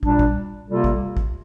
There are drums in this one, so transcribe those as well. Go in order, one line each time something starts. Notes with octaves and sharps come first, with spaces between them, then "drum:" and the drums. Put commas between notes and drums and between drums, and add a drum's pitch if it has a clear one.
A#2 G3 D4, drum: kick
drum: kick
C3 G3 A#3 F4 A4
drum: kick
drum: kick